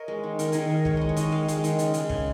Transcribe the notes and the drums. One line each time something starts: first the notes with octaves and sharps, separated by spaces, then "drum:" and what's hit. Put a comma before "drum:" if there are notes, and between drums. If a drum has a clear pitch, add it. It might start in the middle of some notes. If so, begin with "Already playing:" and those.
Already playing: A#4 C#5 D#5
G#3
D#3
D#3 A#4, drum: hi-hat
D#3 G#4, drum: hi-hat
D#3 A#4
G#3 C#5, drum: kick
G#3 D#5
C#5
D#3 D#5, drum: hi-hat
G#3 F5
G#3, drum: hi-hat
D#3, drum: hi-hat
C#3, drum: hi-hat
G#3, drum: hi-hat
C#3, drum: kick